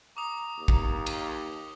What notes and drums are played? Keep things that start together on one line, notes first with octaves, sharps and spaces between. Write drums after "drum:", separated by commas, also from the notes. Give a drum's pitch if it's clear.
A#5 D6 D#6
D#2
drum: kick
drum: cymbal